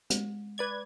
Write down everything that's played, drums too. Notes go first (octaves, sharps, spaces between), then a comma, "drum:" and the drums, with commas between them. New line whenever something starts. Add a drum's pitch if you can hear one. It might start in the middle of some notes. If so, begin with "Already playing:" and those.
G#3, drum: hi-hat
B4 D5 G#6